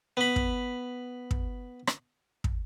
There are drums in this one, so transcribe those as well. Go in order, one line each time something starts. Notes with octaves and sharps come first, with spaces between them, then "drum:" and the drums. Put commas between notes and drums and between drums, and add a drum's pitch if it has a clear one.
B3 B5
drum: kick
drum: kick
drum: rim click
drum: kick